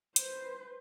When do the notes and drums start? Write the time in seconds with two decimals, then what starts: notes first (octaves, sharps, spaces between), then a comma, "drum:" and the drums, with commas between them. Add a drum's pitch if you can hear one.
0.16 B4 C5, drum: hi-hat